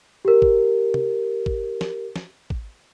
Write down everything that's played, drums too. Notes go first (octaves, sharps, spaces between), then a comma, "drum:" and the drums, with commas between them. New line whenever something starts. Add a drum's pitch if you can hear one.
G4 A#4
drum: kick
drum: tom
drum: kick
drum: snare
drum: snare
drum: kick